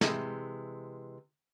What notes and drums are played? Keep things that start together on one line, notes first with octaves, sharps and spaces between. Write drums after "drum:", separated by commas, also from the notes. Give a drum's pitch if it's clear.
C3 E3 G#3, drum: snare